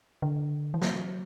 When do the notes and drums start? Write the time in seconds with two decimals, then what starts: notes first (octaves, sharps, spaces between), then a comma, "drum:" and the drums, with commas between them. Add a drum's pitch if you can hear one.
0.22 D3
0.74 E3
0.82 F#3, drum: snare